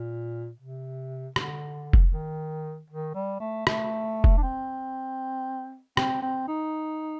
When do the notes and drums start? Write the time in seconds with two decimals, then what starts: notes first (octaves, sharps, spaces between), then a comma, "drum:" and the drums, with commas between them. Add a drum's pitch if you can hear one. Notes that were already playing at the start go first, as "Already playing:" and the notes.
Already playing: A#2
0.59 C3
1.36 D3, drum: rim click
1.93 drum: kick F1
2.13 D#3
2.90 D#3
3.15 G3
3.40 A3
3.67 A3, drum: rim click
4.24 drum: kick F1
4.38 D4
4.43 C4
5.97 C4, drum: rim click
6.22 C4
6.48 D#4